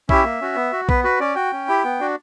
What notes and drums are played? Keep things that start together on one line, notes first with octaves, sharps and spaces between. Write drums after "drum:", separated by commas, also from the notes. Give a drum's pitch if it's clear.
C#4 E4 G4 E5, drum: kick A#1
A#3
C#4 F#4
B3
F#4
B3 B4, drum: kick A#1
F#4 B4
C#4 D5
F#4 G5
C#4
E4 G4
B3
D4 F#4